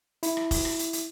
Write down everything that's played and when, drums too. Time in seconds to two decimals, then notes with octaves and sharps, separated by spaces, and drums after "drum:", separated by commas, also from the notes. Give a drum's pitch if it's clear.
0.23 E4, drum: hi-hat
0.37 drum: rim click
0.51 drum: kick, open hi-hat
0.65 drum: rim click
0.79 drum: hi-hat
0.93 drum: hi-hat